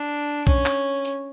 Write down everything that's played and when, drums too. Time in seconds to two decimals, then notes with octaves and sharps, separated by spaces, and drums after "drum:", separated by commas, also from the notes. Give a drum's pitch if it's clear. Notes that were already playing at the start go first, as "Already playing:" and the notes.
Already playing: D4
0.47 C#4, drum: kick
0.66 drum: clap
1.05 drum: hi-hat